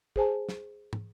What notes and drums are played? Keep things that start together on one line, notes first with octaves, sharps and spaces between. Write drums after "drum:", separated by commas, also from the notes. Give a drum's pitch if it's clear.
G#4 C5 G#5 A5, drum: kick
drum: snare
drum: tom